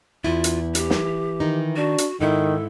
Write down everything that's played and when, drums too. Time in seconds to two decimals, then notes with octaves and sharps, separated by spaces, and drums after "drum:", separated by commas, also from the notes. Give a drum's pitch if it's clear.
0.24 E2 E4 F4
0.44 drum: hi-hat
0.75 E3 G4, drum: hi-hat
0.90 drum: snare
1.40 D#3 D#4
1.77 D4 F#4
1.98 drum: hi-hat
2.20 G#2 D#3 E4 A4